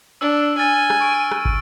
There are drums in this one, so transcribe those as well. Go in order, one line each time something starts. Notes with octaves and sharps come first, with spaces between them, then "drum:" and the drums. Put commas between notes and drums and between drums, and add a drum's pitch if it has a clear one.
D4 E6
G#5 F6 A6
drum: rim click
C#6 D7
drum: rim click
drum: kick